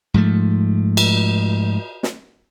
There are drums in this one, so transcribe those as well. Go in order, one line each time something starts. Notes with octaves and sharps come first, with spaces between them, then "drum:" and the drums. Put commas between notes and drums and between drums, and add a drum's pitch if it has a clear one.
G#2 F3 A3
drum: cymbal
drum: snare